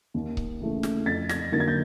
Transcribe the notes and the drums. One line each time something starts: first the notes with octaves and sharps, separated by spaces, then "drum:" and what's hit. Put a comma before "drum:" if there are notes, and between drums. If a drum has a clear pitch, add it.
D#2
drum: kick C#1
C#3 E3 A3
drum: snare
F2 A6 B6
G#6 A#6, drum: snare
D3 F#3 A#3 D#4 A6
G#6
G6 A6